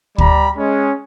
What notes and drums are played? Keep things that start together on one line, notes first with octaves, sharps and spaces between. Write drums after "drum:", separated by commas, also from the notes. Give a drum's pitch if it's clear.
G3 D5 A#5 B5, drum: kick
G#3 C#4